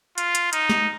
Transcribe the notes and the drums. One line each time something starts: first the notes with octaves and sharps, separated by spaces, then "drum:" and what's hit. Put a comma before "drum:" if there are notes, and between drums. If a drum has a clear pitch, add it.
F4, drum: hi-hat
drum: hi-hat
D#4, drum: hi-hat
drum: snare